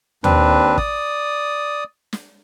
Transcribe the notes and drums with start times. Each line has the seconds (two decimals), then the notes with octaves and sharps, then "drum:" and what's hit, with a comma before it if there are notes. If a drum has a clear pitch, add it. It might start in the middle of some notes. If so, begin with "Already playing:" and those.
0.24 D#2 C4 D4 B4, drum: tom
0.78 D5 D#6, drum: kick
2.13 drum: snare